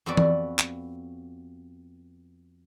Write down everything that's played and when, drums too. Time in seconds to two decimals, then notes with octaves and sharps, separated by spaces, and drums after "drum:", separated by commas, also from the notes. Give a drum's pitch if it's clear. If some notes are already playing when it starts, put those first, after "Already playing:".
0.06 F2 B3 F#4 B4 D5
0.17 drum: tom E3
0.59 drum: clap